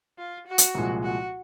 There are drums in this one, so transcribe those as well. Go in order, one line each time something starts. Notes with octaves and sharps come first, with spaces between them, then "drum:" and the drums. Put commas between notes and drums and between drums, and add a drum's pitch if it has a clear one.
F4
F#4
drum: hi-hat
C2 A#2 F3 G#3
F#4